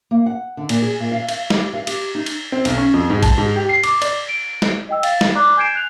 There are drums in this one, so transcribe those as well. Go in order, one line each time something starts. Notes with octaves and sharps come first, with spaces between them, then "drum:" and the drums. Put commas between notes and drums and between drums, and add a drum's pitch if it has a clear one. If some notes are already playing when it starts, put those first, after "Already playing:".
A#3
F#5
D3
A#2, drum: cymbal
G#4
A#2
F5
F5, drum: cymbal
G4, drum: snare
F5
G4, drum: cymbal
D#4
drum: cymbal
C4
B1, drum: cymbal
C#4
F2
G#2
A5, drum: kick A1, cymbal
G#2
G4
C7
D6, drum: cymbal
D5, drum: cymbal
D7
drum: snare
D#5 G5 E6
F5 A6, drum: cymbal
drum: snare
D5 A#5 D6 F#6
G#5 G6 G#6 C7 D7 E7
F#6 F7